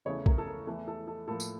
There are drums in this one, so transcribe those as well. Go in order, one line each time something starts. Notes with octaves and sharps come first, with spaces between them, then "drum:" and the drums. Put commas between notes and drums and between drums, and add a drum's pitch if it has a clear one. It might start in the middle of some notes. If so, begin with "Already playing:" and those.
E2 C#3 E3 A3 C#5
A#4, drum: kick
A4
A#4
E2 E3 A3 A4
A4
A4
A2 F3 A#3 A4
drum: tambourine